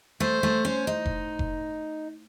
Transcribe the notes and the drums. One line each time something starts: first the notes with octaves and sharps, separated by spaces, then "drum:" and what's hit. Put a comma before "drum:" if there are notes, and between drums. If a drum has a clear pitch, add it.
A3 C5
A3
C#4
D#4
drum: kick F1
drum: kick F1